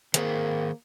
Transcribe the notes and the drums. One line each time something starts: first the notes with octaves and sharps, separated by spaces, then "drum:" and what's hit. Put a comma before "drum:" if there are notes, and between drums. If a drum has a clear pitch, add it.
D#3 A#3 G#4 C5, drum: hi-hat